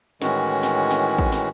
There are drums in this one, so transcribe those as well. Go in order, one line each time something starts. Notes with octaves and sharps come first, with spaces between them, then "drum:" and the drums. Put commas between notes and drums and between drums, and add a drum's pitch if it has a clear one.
A2 D#3 E3 G#3 C#4 F#4, drum: snare
drum: snare
drum: snare
drum: kick
drum: snare